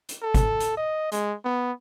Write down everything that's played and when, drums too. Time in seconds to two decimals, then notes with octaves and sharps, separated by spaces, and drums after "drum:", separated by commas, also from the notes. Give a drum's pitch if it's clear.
0.09 drum: hi-hat
0.23 A4
0.34 drum: kick G1, hi-hat
0.60 drum: hi-hat
0.77 D#5
1.12 G#3, drum: hi-hat
1.45 B3